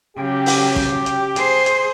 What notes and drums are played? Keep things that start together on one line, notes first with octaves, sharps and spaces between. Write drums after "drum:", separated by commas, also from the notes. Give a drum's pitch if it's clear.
C#3 F#3 G4
drum: open hi-hat
drum: kick
drum: hi-hat
G#4 C5, drum: hi-hat
drum: hi-hat